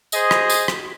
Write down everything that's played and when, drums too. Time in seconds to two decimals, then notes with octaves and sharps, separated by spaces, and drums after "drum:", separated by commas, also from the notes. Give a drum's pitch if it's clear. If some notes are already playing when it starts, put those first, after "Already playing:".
0.12 G#4 C5 D#5, drum: tambourine
0.31 drum: rim click
0.50 drum: tambourine
0.68 drum: rim click